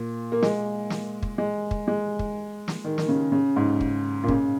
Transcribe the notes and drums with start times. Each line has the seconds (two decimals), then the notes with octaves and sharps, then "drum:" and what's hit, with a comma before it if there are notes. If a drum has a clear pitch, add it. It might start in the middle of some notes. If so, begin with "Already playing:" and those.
Already playing: A#2
0.32 A#3
0.42 G#3, drum: snare
0.90 drum: snare
1.23 drum: kick
1.38 G#3
1.71 drum: kick
1.88 G#3
2.19 drum: kick
2.68 drum: snare
2.84 D#3
2.98 D#3, drum: snare
3.08 C#3
3.32 C#3
3.56 G#2
3.81 drum: kick
4.23 A#2
4.28 C#3, drum: kick